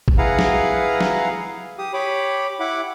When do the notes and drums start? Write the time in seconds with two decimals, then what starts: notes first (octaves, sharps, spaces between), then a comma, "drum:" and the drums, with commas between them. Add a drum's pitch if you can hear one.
0.08 drum: kick
0.18 E4 G#4 B4 F5 F#5 A#5
0.39 drum: snare
1.01 drum: snare
1.78 G4 D#6
1.93 G4 C#5 B5 D6
2.60 E4 F#5 B5 D6